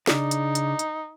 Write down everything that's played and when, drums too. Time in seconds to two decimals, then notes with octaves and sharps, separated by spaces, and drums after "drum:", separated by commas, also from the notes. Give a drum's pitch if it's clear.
0.07 C#3 D4 D#4 D5, drum: snare
0.31 drum: hi-hat
0.55 drum: hi-hat
0.79 drum: hi-hat